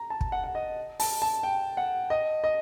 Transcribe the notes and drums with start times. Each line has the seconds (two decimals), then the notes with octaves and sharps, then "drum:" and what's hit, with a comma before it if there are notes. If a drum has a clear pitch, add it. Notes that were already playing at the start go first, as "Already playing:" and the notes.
Already playing: A#5
0.10 A5
0.21 drum: kick
0.32 F#5
0.44 F#5
0.55 D#5
1.00 A5, drum: open hi-hat
1.22 A5
1.43 G5
1.77 F#5
2.10 D#5
2.44 D#5